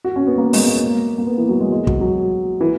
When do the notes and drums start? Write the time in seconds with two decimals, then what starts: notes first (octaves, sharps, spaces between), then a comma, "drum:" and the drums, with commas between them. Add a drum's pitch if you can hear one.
0.04 F#4
0.16 C#4
0.27 B3
0.38 A#3
0.53 G#3, drum: open hi-hat
0.68 A#3
1.18 A#3
1.27 B3
1.38 E3
1.49 F#3
1.60 G#3
1.72 G#3
1.87 F#3, drum: kick
2.01 F#3
2.61 E3